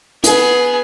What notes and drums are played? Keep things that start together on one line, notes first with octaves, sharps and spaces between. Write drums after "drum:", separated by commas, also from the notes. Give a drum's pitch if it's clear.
B3 G#4, drum: hi-hat